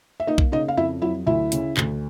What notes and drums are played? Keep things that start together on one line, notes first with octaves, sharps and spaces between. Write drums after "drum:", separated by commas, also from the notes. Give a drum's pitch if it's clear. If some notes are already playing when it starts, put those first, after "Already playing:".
E5
A#3 D#4 D#5
drum: kick B1
C#3 D#4 D#5
F5
F2 E4 E5
F#3 E4 E5
D2 E4 E5
C#3, drum: hi-hat
D2, drum: clap